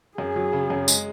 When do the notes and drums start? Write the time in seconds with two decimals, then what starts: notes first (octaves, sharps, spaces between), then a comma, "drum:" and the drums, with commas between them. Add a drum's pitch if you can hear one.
0.18 F#2 G#4
0.36 F#3
0.53 C#3
0.70 F#2
0.88 G#3, drum: tambourine